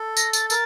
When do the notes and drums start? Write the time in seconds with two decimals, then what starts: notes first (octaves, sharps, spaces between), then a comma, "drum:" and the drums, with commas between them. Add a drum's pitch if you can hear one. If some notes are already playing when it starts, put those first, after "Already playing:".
Already playing: A4
0.17 A#6, drum: tambourine
0.33 A6, drum: tambourine
0.50 A#4 A6, drum: tambourine